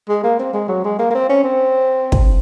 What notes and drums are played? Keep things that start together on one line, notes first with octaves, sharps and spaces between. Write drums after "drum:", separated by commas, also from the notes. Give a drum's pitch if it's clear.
G#3
A#3
C4
G#3
F#3
G#3
A#3
A#3
C4
C#4
C4
drum: kick